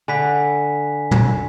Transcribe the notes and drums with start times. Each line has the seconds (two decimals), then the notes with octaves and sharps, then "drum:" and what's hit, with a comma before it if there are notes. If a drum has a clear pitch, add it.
0.08 D3 G#5 B5 B6
1.11 drum: tom